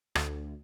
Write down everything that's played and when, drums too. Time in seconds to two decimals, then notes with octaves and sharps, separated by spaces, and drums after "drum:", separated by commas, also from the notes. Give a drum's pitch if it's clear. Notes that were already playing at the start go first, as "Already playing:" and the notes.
0.15 D2, drum: rim click